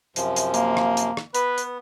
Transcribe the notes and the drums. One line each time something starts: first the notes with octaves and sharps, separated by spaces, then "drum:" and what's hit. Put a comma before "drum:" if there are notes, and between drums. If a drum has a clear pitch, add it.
F#2 C3 F3, drum: hi-hat
drum: hi-hat
A#3, drum: hi-hat
drum: rim click
drum: hi-hat
drum: rim click
B3 B4, drum: hi-hat
drum: hi-hat